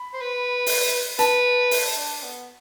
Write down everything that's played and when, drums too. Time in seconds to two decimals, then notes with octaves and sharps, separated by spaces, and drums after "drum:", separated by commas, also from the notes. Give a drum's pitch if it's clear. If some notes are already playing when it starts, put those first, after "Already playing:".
Already playing: B5
0.14 C5
0.21 B4
0.66 drum: open hi-hat
1.19 B4 A5, drum: hi-hat
1.71 drum: open hi-hat
1.97 D4
2.23 B3